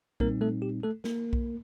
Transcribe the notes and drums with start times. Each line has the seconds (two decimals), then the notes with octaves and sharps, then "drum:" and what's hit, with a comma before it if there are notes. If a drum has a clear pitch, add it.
0.20 A#2 G3 A#3 C4 D#4 A#4, drum: kick B1
0.41 A3 A4
0.62 G4
0.83 A3 A4
1.04 A#3 A#4, drum: snare
1.33 drum: kick B1